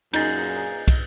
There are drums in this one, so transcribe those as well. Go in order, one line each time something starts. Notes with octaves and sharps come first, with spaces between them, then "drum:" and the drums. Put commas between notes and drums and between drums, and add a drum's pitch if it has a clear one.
F#2 A#2 D#4 G#4 G6 A6, drum: cymbal
drum: kick, cymbal